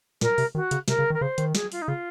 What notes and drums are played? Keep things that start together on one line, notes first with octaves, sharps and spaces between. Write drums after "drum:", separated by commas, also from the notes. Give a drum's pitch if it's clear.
A#2 A#4, drum: snare
C3, drum: open hi-hat
D#3 F#4
C#3, drum: hi-hat
C3 A#4, drum: snare
C#3
D#3
A#4
C#3 C5
D#3, drum: hi-hat
G#4, drum: snare
F4, drum: open hi-hat
D#4
C#3 F4